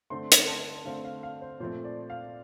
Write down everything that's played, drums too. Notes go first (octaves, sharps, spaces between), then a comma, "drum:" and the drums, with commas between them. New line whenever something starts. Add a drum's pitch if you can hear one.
D3 A3 C4 C6
drum: hi-hat
A5
D3 A3 C4 F5
F5
F5
C5
A#2 F3 A3 C4 C5
D5
F5